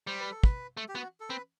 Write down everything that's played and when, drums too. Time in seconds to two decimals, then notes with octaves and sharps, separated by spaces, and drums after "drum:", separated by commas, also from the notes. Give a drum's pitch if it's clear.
0.07 G3 C5
0.20 B4
0.31 A4
0.44 B4, drum: kick
0.77 A3
0.89 G4
0.95 B3 F#4
1.20 A4
1.30 C4 B4